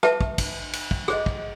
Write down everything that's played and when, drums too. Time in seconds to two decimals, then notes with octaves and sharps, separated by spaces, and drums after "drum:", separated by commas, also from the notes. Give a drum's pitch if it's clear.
0.03 B4 E5 A5, drum: rim click
0.21 drum: kick
0.38 drum: kick, cymbal
0.73 drum: cymbal
0.91 drum: kick
1.08 G#4 C5 D#5, drum: rim click
1.26 drum: kick